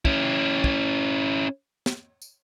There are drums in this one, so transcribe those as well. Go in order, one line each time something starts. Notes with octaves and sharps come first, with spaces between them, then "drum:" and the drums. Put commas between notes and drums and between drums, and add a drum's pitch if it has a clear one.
C#4 E4, drum: kick
drum: kick
drum: snare
drum: tambourine